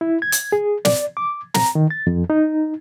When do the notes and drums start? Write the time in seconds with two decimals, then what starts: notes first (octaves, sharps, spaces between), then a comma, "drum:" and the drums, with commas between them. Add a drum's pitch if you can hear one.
0.01 E4
0.22 G#6
0.32 drum: hi-hat
0.52 G#4
0.85 D5, drum: snare
1.17 D6
1.54 A#5, drum: snare
1.75 D#3
1.90 A6
2.07 F2
2.30 D#4